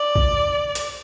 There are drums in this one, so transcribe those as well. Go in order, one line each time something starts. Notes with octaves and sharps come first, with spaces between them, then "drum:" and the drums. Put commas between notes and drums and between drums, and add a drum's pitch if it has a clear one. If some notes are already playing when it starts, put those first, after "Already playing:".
Already playing: D5
drum: kick A#1
drum: hi-hat